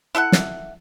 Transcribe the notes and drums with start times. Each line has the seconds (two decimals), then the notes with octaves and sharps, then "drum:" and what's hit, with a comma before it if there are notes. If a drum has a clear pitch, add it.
0.15 E4 A4 E5 F#5
0.32 drum: snare